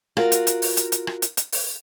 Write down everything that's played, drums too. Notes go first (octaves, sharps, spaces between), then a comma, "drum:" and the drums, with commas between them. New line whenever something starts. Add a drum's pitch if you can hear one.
F4 F#4 A#4, drum: rim click
drum: hi-hat
drum: hi-hat
drum: open hi-hat
drum: hi-hat
drum: hi-hat
drum: rim click
drum: hi-hat
drum: hi-hat
drum: open hi-hat